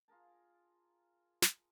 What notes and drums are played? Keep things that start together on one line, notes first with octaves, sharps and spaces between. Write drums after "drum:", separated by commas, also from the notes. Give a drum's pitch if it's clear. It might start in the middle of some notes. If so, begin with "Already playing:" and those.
F4 G#4 A#4 A5
drum: snare